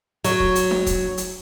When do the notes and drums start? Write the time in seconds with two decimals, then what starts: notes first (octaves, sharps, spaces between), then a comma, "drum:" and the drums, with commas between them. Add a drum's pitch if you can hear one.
0.24 F#3, drum: hi-hat
0.40 drum: kick D#1
0.55 drum: hi-hat
0.71 drum: snare D4
0.86 drum: kick D#1, hi-hat
1.17 drum: hi-hat